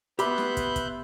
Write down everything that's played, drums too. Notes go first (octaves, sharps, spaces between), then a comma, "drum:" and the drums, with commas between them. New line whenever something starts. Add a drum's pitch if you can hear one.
B3 G4 B4 E5 B5 C6 F#6 G6, drum: hi-hat
drum: snare
drum: kick, hi-hat
drum: kick, hi-hat